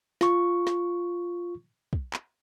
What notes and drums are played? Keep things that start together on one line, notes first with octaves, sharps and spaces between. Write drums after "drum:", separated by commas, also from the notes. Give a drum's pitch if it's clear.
F4 C#6, drum: snare
drum: snare
drum: kick
drum: clap